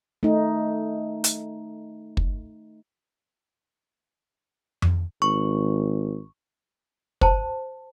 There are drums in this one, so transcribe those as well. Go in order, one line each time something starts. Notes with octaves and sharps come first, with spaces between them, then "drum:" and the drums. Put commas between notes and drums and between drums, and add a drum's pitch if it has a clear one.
A3 D#4
drum: hi-hat
drum: kick
drum: tom F2
G#1 C#6
C5 A5, drum: kick